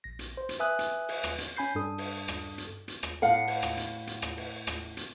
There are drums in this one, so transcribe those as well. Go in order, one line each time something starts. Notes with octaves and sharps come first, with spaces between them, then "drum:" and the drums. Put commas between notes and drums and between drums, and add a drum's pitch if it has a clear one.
A#1 A#6
drum: hi-hat
C5
drum: hi-hat
B4 E5 G#5 D#6 F#6
drum: hi-hat
drum: open hi-hat
drum: rim click
drum: hi-hat
C#4 G#5 B5 G6 C7
G2 D4 A4 D#6
drum: open hi-hat
drum: rim click
drum: hi-hat
drum: hi-hat
drum: rim click
A2 F5 F#5
drum: open hi-hat
drum: rim click
drum: hi-hat
drum: hi-hat
drum: rim click
drum: open hi-hat
drum: rim click
drum: hi-hat